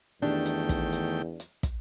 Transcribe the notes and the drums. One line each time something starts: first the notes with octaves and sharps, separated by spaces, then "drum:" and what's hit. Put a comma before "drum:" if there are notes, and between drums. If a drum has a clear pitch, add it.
E2 D#3 A3 D4 G4 G5
drum: hi-hat
drum: kick, hi-hat
drum: hi-hat
drum: hi-hat
drum: kick, hi-hat